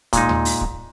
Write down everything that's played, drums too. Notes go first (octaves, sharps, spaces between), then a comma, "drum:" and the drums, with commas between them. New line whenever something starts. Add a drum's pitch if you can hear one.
A#2 G#3 D#4, drum: kick, hi-hat
drum: tom D#2
drum: open hi-hat
drum: kick